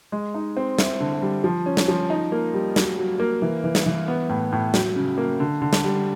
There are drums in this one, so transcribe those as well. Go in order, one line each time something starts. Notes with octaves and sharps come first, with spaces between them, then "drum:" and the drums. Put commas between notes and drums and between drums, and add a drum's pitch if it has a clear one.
G#3
D#4
C4
E4, drum: snare
D3
G3
F3
C#4
drum: snare
F3
D#4
A#3
G3
F#3, drum: snare
F#3
A#3
E3
E3
drum: snare
E3
B3
A2
A2
F#3, drum: snare
C#3
A#3
D3
D3
drum: snare
G3